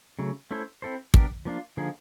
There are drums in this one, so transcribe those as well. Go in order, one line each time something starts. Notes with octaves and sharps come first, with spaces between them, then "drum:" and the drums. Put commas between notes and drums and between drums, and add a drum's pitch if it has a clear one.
C#3 F#3 A3
A3 C#4 E4 A4 C5
C4 E4 A4 C5
B3 D4 G4 A#4, drum: kick
F3 A#3 D4 F4
D3 F3 A#3 D#4 G#4